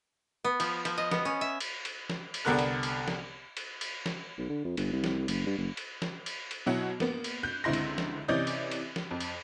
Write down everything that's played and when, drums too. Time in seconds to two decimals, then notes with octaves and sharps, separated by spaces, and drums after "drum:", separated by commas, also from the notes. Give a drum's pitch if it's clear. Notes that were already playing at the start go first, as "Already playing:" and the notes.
0.44 B3
0.60 F3, drum: cymbal
0.85 F3, drum: cymbal
0.98 D#5
1.11 B3, drum: snare
1.25 C#4
1.41 E5
1.60 drum: cymbal
1.85 drum: cymbal
2.10 drum: snare
2.34 drum: cymbal
2.45 C2 D3 B3 A#4 F#6
2.59 drum: cymbal
2.83 drum: cymbal
3.08 drum: snare
3.57 drum: cymbal
3.81 drum: cymbal
4.06 drum: snare
4.38 B1
4.49 D3
4.65 F2
4.77 G1, drum: cymbal
4.93 C2
5.04 drum: snare
5.28 F#1, drum: cymbal
5.46 G2
5.58 F#1
5.77 drum: cymbal
6.02 drum: snare
6.26 drum: cymbal
6.51 drum: cymbal
6.66 B2 F#3 E4 F#5
7.00 A#3 B3, drum: snare
7.24 drum: cymbal
7.43 F#6 G6
7.64 C#2 D3 C4 E4 C6 A#6
7.73 drum: cymbal
7.98 drum: snare
8.28 C3 E3 C#4 D5 D#5 G6
8.47 drum: cymbal
8.71 drum: cymbal
8.96 drum: snare
9.11 F2
9.20 drum: cymbal